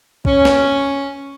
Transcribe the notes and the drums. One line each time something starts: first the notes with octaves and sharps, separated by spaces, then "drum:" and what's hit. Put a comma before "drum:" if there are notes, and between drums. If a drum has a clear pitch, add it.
C#4, drum: kick
drum: snare